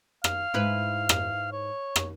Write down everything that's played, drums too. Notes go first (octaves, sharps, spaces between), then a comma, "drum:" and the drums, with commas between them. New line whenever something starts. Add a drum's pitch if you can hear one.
F5, drum: rim click
G#2 E4 B4
drum: rim click
C#5
drum: rim click